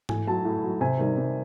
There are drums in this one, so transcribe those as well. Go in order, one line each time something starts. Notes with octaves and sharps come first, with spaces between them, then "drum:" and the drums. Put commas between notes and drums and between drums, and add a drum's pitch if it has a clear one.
A2 G#5, drum: tom G#2
F#3 A5
A2
F#3
C3 G#5
D#3 G3
C3